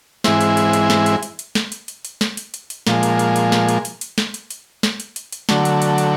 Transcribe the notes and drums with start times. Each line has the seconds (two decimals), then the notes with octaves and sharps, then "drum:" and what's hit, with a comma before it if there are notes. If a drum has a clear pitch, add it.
0.24 G#2 E3 G#3 C4 E4, drum: snare
0.41 drum: hi-hat
0.57 drum: hi-hat
0.73 drum: hi-hat
0.90 drum: snare
1.06 drum: hi-hat
1.23 drum: hi-hat
1.39 drum: hi-hat
1.55 drum: snare
1.72 drum: hi-hat
1.88 drum: hi-hat
2.05 drum: hi-hat
2.21 drum: snare
2.37 drum: hi-hat
2.54 drum: hi-hat
2.70 drum: hi-hat
2.87 A#2 F3 G#3, drum: snare
3.03 drum: hi-hat
3.19 drum: hi-hat
3.36 drum: hi-hat
3.52 drum: snare
3.69 drum: hi-hat
3.85 drum: hi-hat
4.01 drum: hi-hat
4.18 drum: snare
4.34 drum: hi-hat
4.50 drum: hi-hat
4.83 drum: snare
5.00 drum: hi-hat
5.16 drum: hi-hat
5.32 drum: hi-hat
5.49 D3 F#3 A3, drum: snare
5.65 drum: hi-hat
5.82 drum: hi-hat
5.98 drum: hi-hat